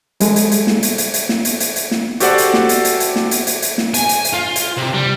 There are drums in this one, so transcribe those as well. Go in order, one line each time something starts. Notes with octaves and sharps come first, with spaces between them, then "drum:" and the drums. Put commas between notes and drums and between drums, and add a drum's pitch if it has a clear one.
G3 G#3 G#4 A4, drum: hi-hat
drum: hi-hat
drum: hi-hat
drum: snare
drum: hi-hat
drum: hi-hat
drum: hi-hat
drum: snare
drum: hi-hat
drum: hi-hat
drum: hi-hat
drum: snare
F#4 G4 A4 C5 D5 F#5, drum: hi-hat
drum: hi-hat
drum: snare
drum: hi-hat
drum: hi-hat
drum: hi-hat
drum: snare
drum: hi-hat
drum: hi-hat
drum: hi-hat
drum: snare
G#5, drum: hi-hat
drum: hi-hat
drum: hi-hat
F4
drum: hi-hat
C3
G3